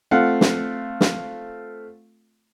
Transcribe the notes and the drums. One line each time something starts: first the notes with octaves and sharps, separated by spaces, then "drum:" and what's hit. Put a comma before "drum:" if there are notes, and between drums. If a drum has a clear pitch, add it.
A3 C4 F4 F5 F#5
drum: snare
drum: snare